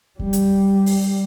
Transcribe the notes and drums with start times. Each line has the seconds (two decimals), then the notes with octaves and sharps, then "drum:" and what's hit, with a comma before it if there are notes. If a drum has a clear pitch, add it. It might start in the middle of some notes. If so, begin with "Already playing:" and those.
0.19 G3, drum: kick E2
0.33 drum: hi-hat
0.86 drum: open hi-hat